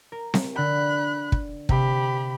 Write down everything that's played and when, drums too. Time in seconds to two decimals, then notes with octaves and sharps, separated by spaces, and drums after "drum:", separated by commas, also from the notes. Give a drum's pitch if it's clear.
0.12 A#4
0.34 drum: snare C4
0.56 D3 G5 B5 F#6
1.32 drum: kick
1.69 C3 G4 B5, drum: kick